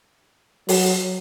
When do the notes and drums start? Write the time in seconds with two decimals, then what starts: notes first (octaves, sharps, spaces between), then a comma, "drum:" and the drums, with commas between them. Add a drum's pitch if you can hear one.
0.69 F#3, drum: open hi-hat